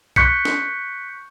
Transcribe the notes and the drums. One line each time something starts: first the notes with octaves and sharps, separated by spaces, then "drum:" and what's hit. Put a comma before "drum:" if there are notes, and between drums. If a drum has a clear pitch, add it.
C#6 F#6 G6 B6 C#7, drum: kick A#1
drum: snare